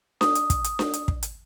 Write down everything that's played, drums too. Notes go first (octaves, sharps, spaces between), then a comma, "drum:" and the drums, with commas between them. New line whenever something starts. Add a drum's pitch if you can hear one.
D#6, drum: snare D4
drum: hi-hat
drum: kick, hi-hat
drum: hi-hat
drum: snare D4
drum: hi-hat
drum: kick
drum: hi-hat